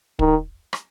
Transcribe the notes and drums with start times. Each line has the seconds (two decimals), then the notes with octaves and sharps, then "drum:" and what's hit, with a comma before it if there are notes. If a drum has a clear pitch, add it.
0.19 D#3, drum: kick
0.73 drum: rim click